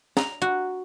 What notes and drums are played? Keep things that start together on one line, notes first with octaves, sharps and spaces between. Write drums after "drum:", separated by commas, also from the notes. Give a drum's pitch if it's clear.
A#5, drum: snare
F#4